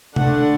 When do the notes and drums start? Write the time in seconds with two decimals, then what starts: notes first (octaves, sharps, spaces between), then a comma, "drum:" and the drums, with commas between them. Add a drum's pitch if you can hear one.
0.16 D3 A3 D4 F#5, drum: tom C3